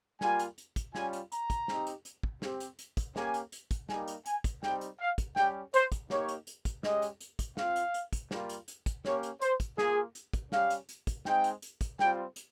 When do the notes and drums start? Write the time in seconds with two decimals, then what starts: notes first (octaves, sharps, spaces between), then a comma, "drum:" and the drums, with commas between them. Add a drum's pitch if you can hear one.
0.21 G3 A#3 F4 G#5, drum: snare
0.39 drum: hi-hat
0.58 drum: hi-hat
0.76 drum: kick, hi-hat
0.95 G3 C#4 F4 G#5, drum: snare
1.13 drum: hi-hat
1.32 A#5, drum: hi-hat
1.50 drum: kick, hi-hat
1.68 C4 D#4 G4, drum: snare
1.87 drum: hi-hat
2.05 drum: hi-hat
2.23 drum: kick
2.42 C4 G4, drum: snare
2.60 drum: hi-hat
2.79 drum: hi-hat
2.97 drum: kick, hi-hat
3.16 A#3 C#4 G4 G#5, drum: snare
3.34 drum: hi-hat
3.52 drum: hi-hat
3.71 drum: kick, hi-hat
3.89 G3 A#3 D#4 G4 G#5, drum: snare
4.08 drum: hi-hat
4.26 G#5, drum: hi-hat
4.44 drum: kick, hi-hat
4.63 G3 C4 D#4 G4 G5, drum: snare
4.81 drum: hi-hat
5.00 F5
5.18 drum: kick, hi-hat
5.36 G3 C#4 G4 G5, drum: snare
5.74 C5, drum: hi-hat
5.92 drum: kick, hi-hat
6.10 A#3 D#4 G4 C#5, drum: snare
6.28 drum: hi-hat
6.47 drum: hi-hat
6.65 drum: kick, hi-hat
6.83 G#3 C#4 G4 D#5, drum: snare
7.02 drum: hi-hat
7.21 drum: hi-hat
7.39 drum: kick, hi-hat
7.57 C4 F4 F5, drum: snare
7.76 drum: hi-hat
7.94 drum: hi-hat
8.13 drum: kick, hi-hat
8.31 G3 A#3 F4, drum: snare
8.49 drum: hi-hat
8.68 drum: hi-hat
8.86 drum: kick, hi-hat
9.05 A#3 C#4 G4 C#5, drum: snare
9.23 drum: hi-hat
9.41 C5, drum: hi-hat
9.60 drum: kick, hi-hat
9.78 A#3 F4 G#4, drum: snare
10.15 drum: hi-hat
10.33 drum: kick, hi-hat
10.52 G3 C#4 G4 F5, drum: snare
10.70 drum: hi-hat
10.89 drum: hi-hat
11.07 drum: kick, hi-hat
11.25 G#3 C4 D#4 G5, drum: snare
11.44 drum: hi-hat
11.62 drum: hi-hat
11.81 drum: kick, hi-hat
11.99 G3 C4 F4 G5, drum: snare
12.36 drum: hi-hat